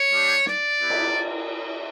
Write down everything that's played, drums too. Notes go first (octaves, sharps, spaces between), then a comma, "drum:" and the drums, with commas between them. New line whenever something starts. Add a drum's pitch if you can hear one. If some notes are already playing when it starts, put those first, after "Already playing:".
Already playing: C#5
G3 D4 G4
D5, drum: snare
B3 E4 G4
drum: cymbal